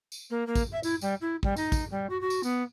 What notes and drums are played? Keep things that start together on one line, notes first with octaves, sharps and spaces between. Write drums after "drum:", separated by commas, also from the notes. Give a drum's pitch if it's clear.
drum: tambourine
A#3
A#3
drum: kick, tambourine
E5
E4, drum: tambourine
G3, drum: tambourine
E4
G3, drum: kick
D#4, drum: tambourine
drum: kick, tambourine
G3
F#4
F#4
drum: tambourine
B3, drum: tambourine